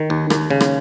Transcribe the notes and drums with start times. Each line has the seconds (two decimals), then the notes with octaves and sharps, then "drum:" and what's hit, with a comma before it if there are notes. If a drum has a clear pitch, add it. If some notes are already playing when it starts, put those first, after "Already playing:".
Already playing: D#3
0.10 D#2
0.30 D#2, drum: rim click
0.50 C#3
0.61 drum: rim click